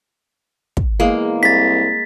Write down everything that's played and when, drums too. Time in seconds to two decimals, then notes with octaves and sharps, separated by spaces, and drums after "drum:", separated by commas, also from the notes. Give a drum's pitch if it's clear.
0.77 drum: kick
1.00 E2 G#3 A#3
1.43 C2 A6 B6